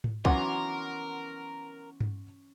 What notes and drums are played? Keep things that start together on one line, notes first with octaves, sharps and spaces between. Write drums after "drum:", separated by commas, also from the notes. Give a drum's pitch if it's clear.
drum: tom G#2
E3 F#3 B3 C#4 A#4 F#5 C6 D6, drum: kick
drum: tom G2